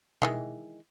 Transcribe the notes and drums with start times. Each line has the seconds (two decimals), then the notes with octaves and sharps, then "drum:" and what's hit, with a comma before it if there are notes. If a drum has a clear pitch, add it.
0.22 D#3 E3 G#3, drum: tom B2